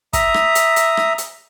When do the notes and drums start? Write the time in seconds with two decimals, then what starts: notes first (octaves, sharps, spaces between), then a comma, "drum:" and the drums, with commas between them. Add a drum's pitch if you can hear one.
0.13 E5 A#5 D#6, drum: kick, hi-hat
0.34 drum: rim click
0.55 drum: hi-hat
0.76 drum: hi-hat
0.97 drum: rim click
1.18 drum: hi-hat